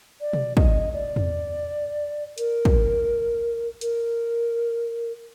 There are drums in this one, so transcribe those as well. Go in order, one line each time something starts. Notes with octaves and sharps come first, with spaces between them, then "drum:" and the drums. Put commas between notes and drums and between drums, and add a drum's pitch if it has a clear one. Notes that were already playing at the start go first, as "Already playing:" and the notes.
D5
drum: tom B2
D#5, drum: kick
D5
drum: tom E2
A#4, drum: hi-hat
drum: kick
A#4, drum: hi-hat